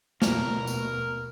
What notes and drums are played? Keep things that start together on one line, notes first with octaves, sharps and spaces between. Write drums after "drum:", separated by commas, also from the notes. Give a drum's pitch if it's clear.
D#2 B2 A#4, drum: snare
drum: tambourine